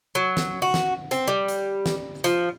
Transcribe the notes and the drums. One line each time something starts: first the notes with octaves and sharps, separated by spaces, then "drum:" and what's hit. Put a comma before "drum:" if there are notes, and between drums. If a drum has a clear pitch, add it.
F#3
drum: snare
F#4
drum: snare
C4, drum: hi-hat
G3
drum: hi-hat
drum: snare
F3, drum: hi-hat